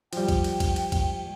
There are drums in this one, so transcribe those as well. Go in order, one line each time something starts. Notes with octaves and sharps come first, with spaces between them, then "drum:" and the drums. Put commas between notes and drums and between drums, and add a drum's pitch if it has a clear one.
F3 G3 G5, drum: cymbal
drum: kick A#1, cymbal
drum: cymbal
drum: kick A#1, cymbal
drum: cymbal
drum: kick A#1, cymbal